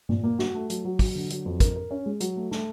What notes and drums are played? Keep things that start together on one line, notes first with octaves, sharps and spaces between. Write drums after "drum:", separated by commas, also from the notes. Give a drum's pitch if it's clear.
A#2, drum: tom G2
A#3
F#4, drum: snare
A3
F#3, drum: hi-hat
F#3
F#3, drum: kick, open hi-hat
D3
F#3, drum: hi-hat
F2
A#4, drum: kick, hi-hat
A#4
C#4
G#3
F#3, drum: hi-hat
A3
A3, drum: snare